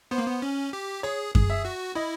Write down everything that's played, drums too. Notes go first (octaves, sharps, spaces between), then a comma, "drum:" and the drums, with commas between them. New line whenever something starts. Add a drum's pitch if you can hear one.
B3 C5
A#3
B3
C#4
G4
G#4 C#5
G#4, drum: kick F#2
E5
F#4
E4 D#5